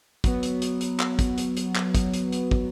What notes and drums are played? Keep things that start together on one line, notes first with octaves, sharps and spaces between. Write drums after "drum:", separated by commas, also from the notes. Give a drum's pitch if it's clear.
F#3 B3, drum: kick, hi-hat
drum: hi-hat
drum: hi-hat
drum: hi-hat
drum: clap
drum: kick, hi-hat
drum: hi-hat
drum: hi-hat
drum: clap
drum: kick, hi-hat
drum: hi-hat
drum: hi-hat
drum: kick